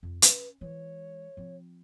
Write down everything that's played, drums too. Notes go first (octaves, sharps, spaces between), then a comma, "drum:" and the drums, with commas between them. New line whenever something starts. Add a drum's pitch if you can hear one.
F2
C#4 B4, drum: hi-hat
E3 G#3 C#5
F3 C4